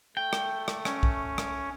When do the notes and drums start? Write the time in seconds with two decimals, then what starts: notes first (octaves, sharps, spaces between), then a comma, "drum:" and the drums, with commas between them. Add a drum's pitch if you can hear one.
0.17 A3 G5
0.33 drum: rim click
0.68 drum: rim click
0.85 C#4, drum: rim click
1.03 drum: kick B1
1.38 drum: rim click